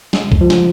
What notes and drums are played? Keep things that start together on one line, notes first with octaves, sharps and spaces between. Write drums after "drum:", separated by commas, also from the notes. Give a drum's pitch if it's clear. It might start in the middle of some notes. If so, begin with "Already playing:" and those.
G#3, drum: snare
drum: kick C2
F3
drum: snare